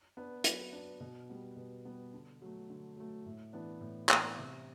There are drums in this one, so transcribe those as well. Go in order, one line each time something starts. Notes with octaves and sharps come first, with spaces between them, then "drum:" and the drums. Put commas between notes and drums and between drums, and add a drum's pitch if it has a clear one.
B3 D4
F#3, drum: hi-hat
B3 D4
B2
G3 B3
B2
G3 B3
D3
F#3 A3
D3
F#3 A3
A2
E3 B3 D4
A2
E3 B3 D4, drum: clap
C3